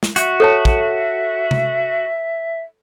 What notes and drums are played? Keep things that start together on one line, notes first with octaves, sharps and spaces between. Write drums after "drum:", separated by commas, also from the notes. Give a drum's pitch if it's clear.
drum: snare
F#4 E5, drum: hi-hat
A4 C#5 A5
drum: kick
drum: tom C3